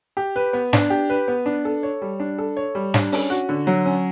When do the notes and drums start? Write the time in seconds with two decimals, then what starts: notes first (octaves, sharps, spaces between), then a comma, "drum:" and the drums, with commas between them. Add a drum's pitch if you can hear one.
0.17 G4
0.36 B4
0.53 B3
0.73 D4, drum: snare
0.90 G4
1.10 B4
1.28 B3
1.46 D4
1.65 A4
1.83 C#5
2.02 G3
2.20 D4
2.38 A4
2.57 C#5
2.75 G3
2.94 D4, drum: snare
3.12 C#4, drum: open hi-hat
3.30 F#4
3.49 D3
3.67 F#3
3.85 C#4